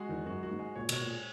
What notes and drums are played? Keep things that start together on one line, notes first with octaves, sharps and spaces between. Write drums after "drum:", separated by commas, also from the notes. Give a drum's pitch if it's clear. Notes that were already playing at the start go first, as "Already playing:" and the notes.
Already playing: G#3 F#4
E2 D#3
F#2 F#4
F#4
G#2
G#3
A#2 C#5
B2 C#5, drum: cymbal
A#2
G#4